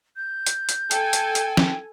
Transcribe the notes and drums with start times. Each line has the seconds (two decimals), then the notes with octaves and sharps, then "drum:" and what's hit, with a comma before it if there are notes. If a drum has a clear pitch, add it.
0.17 G6
0.46 drum: hi-hat
0.69 drum: hi-hat
0.91 A4 G5 G#5, drum: hi-hat
1.13 drum: hi-hat
1.35 drum: hi-hat
1.57 drum: snare